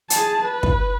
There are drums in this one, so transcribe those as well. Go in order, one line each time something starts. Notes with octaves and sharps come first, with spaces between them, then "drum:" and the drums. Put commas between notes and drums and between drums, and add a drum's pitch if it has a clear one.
G#4 A5, drum: hi-hat
B4
drum: kick